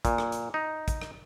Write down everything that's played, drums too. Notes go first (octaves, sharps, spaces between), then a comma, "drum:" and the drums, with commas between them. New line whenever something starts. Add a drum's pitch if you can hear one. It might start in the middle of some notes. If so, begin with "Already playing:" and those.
A#2, drum: kick, hi-hat
drum: rim click
drum: hi-hat
D#4
drum: kick, hi-hat
drum: rim click